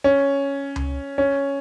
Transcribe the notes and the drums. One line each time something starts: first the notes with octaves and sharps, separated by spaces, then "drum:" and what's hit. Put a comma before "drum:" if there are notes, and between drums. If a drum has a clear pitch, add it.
C#4
drum: tom C#2
C#4